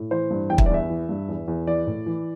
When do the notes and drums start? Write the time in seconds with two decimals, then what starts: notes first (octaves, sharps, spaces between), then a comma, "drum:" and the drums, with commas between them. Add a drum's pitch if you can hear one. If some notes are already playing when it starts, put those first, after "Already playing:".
Already playing: A2
0.11 E3 C5
0.30 G2
0.50 E2 G5
0.58 E5, drum: kick
0.66 D5
0.70 E2 E5
0.90 E3
1.09 G2
1.28 E2
1.48 E2
1.67 E3 D5
1.87 A2
2.06 E3